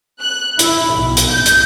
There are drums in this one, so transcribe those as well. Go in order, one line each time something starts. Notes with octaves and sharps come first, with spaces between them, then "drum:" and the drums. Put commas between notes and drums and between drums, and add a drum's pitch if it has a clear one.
F#6
E4, drum: hi-hat
B1
drum: hi-hat
G6
drum: hi-hat